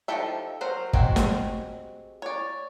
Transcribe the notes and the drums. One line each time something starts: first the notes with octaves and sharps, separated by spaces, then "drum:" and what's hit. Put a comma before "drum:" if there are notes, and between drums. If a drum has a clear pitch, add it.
F3 D#4 G4 A4 E5
F#3 A#4 C5
G#3 C4 F#4 G4, drum: kick
drum: snare
C#5 D5